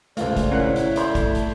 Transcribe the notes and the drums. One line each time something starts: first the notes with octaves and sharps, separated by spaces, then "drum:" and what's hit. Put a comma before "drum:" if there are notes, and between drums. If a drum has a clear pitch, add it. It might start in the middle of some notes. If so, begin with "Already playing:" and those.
C#2 G#3 A3 F4 C5 D5 F5, drum: hi-hat
drum: kick, hi-hat
C#4 E4 A#4 F#5
drum: hi-hat
A3 D5 C6 G6, drum: hi-hat
drum: kick, hi-hat
drum: hi-hat